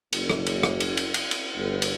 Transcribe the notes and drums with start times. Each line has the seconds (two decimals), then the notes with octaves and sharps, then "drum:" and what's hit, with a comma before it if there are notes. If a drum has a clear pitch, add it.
0.13 F#1, drum: cymbal
0.30 drum: rim click
0.46 drum: cymbal
0.63 drum: rim click
0.80 drum: cymbal
0.97 drum: cymbal
1.14 drum: cymbal
1.31 drum: cymbal
1.55 G1
1.82 drum: cymbal